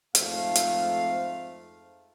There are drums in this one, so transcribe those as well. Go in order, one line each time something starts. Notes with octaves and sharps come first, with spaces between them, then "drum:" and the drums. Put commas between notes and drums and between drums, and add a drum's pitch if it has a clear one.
F2 G#2 A3 C5 F5, drum: hi-hat
drum: hi-hat